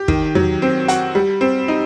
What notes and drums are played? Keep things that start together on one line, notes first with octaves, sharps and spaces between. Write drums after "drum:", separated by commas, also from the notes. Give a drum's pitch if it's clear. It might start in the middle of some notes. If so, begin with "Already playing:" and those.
Already playing: G4
D#3, drum: kick
F#3, drum: tom E2
C4
F#4, drum: hi-hat
G3
C4
D#4